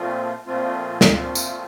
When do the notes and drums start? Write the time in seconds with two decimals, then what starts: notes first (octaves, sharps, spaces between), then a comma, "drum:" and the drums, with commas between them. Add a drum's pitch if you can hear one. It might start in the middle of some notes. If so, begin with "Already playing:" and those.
Already playing: A#2 F3 A3 C4 F4
0.46 A#2 F3 A3 C4 F4
1.01 drum: snare
1.12 A#2 F3 A3 C4 F4
1.35 drum: tambourine